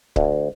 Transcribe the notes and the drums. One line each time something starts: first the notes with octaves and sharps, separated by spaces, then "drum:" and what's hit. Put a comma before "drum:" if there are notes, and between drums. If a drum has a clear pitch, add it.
D2, drum: kick C#1